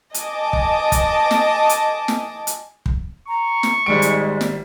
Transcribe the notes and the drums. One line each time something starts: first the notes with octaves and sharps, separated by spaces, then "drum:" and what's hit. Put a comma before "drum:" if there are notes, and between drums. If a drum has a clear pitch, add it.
D#5 G#5 A5 D6 D#6, drum: hi-hat
drum: kick
drum: kick, hi-hat
drum: snare
drum: hi-hat
drum: snare
drum: hi-hat
drum: kick
A#5 C#6
drum: snare
G#1 G3 G#3 D7
drum: hi-hat
drum: snare